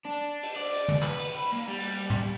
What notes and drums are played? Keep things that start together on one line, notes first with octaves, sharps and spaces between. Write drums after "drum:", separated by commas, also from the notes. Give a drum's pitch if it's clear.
D4
drum: cymbal
D5, drum: cymbal
drum: cymbal
drum: tom
B4, drum: clap
drum: cymbal
B5, drum: cymbal
A#3
G3
drum: cymbal
drum: cymbal
drum: tom